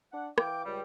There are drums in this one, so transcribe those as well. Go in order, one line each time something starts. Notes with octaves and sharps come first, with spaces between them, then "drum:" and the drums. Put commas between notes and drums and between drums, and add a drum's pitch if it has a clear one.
D4 F#5
E3 F5 G5 D6, drum: rim click
C#2 G3